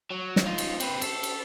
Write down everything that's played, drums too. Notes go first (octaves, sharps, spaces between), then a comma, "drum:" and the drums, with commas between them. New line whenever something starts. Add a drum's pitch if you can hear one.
F#3
drum: snare
D#4 F4
drum: cymbal
C4 B4, drum: cymbal
A4, drum: cymbal
drum: cymbal